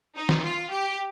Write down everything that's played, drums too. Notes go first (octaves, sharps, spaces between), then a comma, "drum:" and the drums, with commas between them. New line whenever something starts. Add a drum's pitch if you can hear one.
D#4
drum: snare
F4
G4